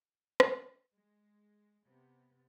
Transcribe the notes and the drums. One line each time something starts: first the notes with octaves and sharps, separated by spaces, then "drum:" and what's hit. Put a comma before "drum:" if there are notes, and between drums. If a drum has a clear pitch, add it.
drum: rim click
G#3
C3 B3